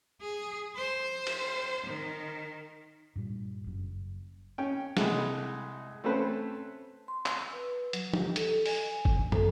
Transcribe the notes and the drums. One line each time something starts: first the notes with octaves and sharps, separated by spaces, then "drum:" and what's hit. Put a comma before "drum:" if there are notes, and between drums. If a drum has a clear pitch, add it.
G#4
C5
drum: cymbal
D#3
G2 A#2 G3
F#1 F#2
C#4 G5
C2 G#3 A4 F#5, drum: snare
A3 C4 C#4 A4 B4 C5
C6
E6, drum: clap
B4
F#3, drum: hi-hat
G4, drum: tom
A4, drum: hi-hat
G#5, drum: open hi-hat
drum: kick G1
A4, drum: tom